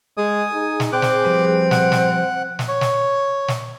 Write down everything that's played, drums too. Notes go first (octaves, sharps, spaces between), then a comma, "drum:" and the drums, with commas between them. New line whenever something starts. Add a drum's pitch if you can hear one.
G#3 G#5 D#6
D#4 G#4
drum: snare
C4 D5 G5 D6 F#6
drum: snare
F3 G3 B4
F#5, drum: snare
drum: snare
drum: snare
C#5
drum: snare
drum: snare